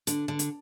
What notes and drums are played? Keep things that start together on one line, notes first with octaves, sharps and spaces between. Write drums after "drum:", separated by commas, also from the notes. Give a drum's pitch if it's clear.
D3, drum: hi-hat
D3
drum: hi-hat